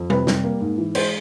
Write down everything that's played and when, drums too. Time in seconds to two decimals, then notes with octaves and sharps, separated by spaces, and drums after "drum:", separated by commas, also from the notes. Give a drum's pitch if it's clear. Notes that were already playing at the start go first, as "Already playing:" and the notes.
Already playing: F2
0.10 C3 B4, drum: tom G3
0.27 G3, drum: snare
0.44 A#3
0.61 G#2
0.78 E3
0.95 G#3 C5, drum: cymbal